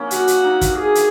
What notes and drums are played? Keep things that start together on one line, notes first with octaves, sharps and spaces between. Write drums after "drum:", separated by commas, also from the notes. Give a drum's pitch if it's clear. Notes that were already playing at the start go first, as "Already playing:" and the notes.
Already playing: F#3 A#3 C#4 D#4
F#4, drum: hi-hat
drum: hi-hat
D#4
drum: kick, hi-hat
G#4
drum: hi-hat